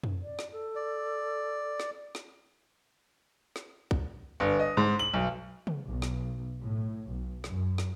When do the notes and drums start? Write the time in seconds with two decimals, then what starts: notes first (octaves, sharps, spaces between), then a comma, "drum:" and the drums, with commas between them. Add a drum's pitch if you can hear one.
0.03 drum: tom
0.23 D5
0.39 drum: snare
0.53 A4
0.75 D5
1.80 drum: snare
2.15 drum: snare
3.56 drum: snare
3.91 drum: kick
4.40 G1
4.59 D#5
4.77 G#2
4.99 F#7
5.14 B1
5.67 drum: tom
5.86 B1
6.02 drum: snare
6.64 A2
7.08 B1
7.44 F#2, drum: snare
7.78 drum: snare